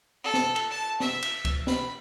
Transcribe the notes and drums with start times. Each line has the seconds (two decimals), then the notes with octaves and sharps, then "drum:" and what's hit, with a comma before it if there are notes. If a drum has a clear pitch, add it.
0.24 A4
0.34 drum: snare
0.56 drum: cymbal
0.71 A5
1.00 E5, drum: snare
1.23 drum: cymbal
1.45 drum: kick C#2, cymbal
1.67 B5, drum: snare